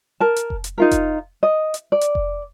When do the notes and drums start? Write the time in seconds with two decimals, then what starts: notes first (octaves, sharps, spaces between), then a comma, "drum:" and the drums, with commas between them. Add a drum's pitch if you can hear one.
0.20 A#4 A5
0.36 drum: hi-hat
0.50 drum: kick F1
0.64 drum: hi-hat
0.78 D#4 F4 A#4
0.91 drum: kick F1, hi-hat
1.43 D#5
1.74 drum: hi-hat
1.92 D5
2.01 drum: hi-hat
2.15 drum: kick F1